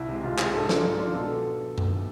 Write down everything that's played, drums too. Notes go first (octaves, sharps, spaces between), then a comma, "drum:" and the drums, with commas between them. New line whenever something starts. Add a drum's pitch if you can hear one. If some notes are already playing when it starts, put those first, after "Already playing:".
Already playing: C2 E4
C3 G#3
C2 F4
C3 G#3 G#4, drum: clap
G#2 A4
G#3 D4 F4, drum: snare
G#2
G#3 D4 F4
B2 A4
drum: tom F#2